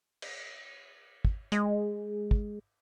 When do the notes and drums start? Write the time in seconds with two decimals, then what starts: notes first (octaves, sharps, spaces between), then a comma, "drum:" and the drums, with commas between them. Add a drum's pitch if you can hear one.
0.22 drum: cymbal
1.25 drum: kick
1.52 G#3, drum: hi-hat
2.31 drum: kick